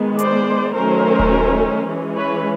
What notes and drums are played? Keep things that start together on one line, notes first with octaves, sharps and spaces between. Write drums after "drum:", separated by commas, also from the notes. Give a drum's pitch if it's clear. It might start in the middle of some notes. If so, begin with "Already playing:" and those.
Already playing: D#3 G#3 B3
C5 D5, drum: hi-hat
D#3 F#3 A3 C#4 A#4 C5
drum: kick D#1
E3 G#3 C#4
B4 C#5